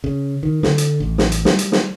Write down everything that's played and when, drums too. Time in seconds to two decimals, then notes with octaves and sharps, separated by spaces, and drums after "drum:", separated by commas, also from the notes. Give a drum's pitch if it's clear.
0.04 C#3
0.43 D#3
0.63 D3, drum: snare
0.78 drum: hi-hat
1.00 A1
1.18 drum: snare
1.32 drum: hi-hat
1.45 G3, drum: snare
1.59 drum: hi-hat
1.72 drum: snare